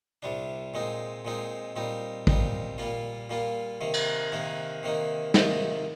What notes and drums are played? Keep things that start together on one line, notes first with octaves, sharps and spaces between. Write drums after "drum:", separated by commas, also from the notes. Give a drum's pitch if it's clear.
C2 C3 G3 D4
A#2 G#3 C4 D#4
A#2 G#3 C4 D#4
A#2 G3 C4 D#4
A#2 G3 C4 D#4, drum: kick
A#2 G3 A#3 F4
A#2 G3 A#3 F4
C3 D#3 A#3
drum: cymbal
C3 D#3 A#3
C3 D#3 A#3 D#4
C3 D#3 A#3 D#4, drum: snare